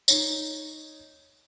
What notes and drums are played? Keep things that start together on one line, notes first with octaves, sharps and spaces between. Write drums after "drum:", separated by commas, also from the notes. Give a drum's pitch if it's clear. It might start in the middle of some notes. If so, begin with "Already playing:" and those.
D#4 C#5, drum: tambourine